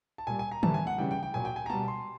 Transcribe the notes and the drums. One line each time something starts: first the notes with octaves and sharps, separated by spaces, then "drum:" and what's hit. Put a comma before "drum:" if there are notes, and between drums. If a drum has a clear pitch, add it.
A5
A#2 G3 G#5
G#5
A#5
A2 E3 G3 A5, drum: tom D3
G#5
F#5
C#3 E3 G3 G5
G5
G5
A#2 F#3 G#5
G5
G#5
A#5
B2 G3 A5
C6